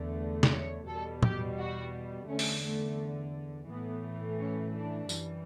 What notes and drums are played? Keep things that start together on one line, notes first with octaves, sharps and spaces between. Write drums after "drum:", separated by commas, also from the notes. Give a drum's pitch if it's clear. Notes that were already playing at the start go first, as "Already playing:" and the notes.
Already playing: E2 D3 A3
drum: snare
C#5
E2 B2 G3 A4
G4, drum: tom
F#4
E2 D3 A3 C#4
drum: open hi-hat
A3
A2 E3 A3 B3
C#4
D4
F#2 E3 G3, drum: tambourine